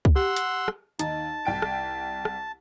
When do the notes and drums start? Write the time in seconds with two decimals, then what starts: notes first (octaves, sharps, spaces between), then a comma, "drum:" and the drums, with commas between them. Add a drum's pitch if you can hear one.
0.05 drum: kick
0.16 G4 F#5 C6 E6
0.36 drum: hi-hat
0.68 drum: rim click
0.99 D#2 D#4 A5, drum: hi-hat
1.45 C2 G5 D7
1.62 drum: rim click
2.25 drum: rim click